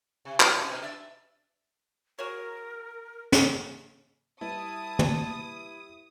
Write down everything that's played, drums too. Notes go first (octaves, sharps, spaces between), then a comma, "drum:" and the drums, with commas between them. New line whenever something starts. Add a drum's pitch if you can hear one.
C3
F4 B4, drum: clap
G#2 A#3 C#4
B2 C4 D#4
D4 D5 E5
F#4 G#4 A#4 C#5
drum: snare
G3 E4 B4 E5 A5 D#6
drum: tom